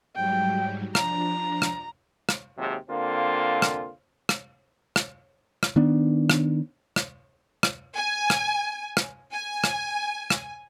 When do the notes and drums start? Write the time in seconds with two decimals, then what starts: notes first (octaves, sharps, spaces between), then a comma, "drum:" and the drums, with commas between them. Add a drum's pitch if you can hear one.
0.16 G#2 F#3 G3 G5
0.95 F3 D4 A#5, drum: rim click
1.62 drum: rim click
2.29 drum: rim click
2.57 D#2 C3 F#3 G#3
2.88 D3 A#3 C4 F4
3.62 drum: rim click
4.29 drum: rim click
4.96 drum: rim click
5.63 drum: rim click
5.76 D#3 B3 D4
6.30 drum: rim click
6.96 drum: rim click
7.63 drum: rim click
7.95 G#5
8.30 drum: rim click
8.97 drum: rim click
9.32 G#5
9.64 drum: rim click
10.30 drum: rim click